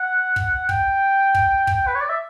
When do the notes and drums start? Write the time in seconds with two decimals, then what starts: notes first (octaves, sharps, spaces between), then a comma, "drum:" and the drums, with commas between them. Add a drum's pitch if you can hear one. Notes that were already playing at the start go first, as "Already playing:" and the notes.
Already playing: F#5
0.36 drum: kick
0.69 G5, drum: kick
1.35 drum: kick
1.67 drum: kick
1.87 B4
1.95 C#5
2.01 D5
2.09 E5